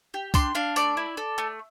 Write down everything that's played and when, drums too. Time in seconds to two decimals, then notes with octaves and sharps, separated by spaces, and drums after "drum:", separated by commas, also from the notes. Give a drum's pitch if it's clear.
0.14 G4
0.34 D4 C6, drum: kick C2, tambourine
0.55 D4 F5
0.76 A3 D5, drum: tambourine
0.97 E4
1.17 A4
1.38 A3